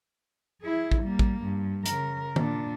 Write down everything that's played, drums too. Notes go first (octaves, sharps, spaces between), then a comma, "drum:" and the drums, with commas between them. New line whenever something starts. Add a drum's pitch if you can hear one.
E4 G#4
drum: kick A1
G3 A#3
drum: kick A1
G2
C#3 A#4, drum: hi-hat
A#2 D4, drum: tom D#3